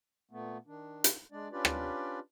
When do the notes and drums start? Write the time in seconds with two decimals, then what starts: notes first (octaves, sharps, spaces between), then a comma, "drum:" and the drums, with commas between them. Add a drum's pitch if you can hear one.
0.31 A#2 A3 B3
0.67 D#3 D4
1.04 drum: hi-hat
1.32 G#3 D4 D5
1.52 C#4 D4 F4 G4 B4 D5
1.65 drum: rim click